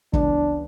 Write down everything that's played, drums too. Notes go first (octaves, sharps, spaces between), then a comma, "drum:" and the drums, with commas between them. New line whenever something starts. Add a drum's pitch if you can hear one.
C#2 C#3 E3 B3 D4, drum: kick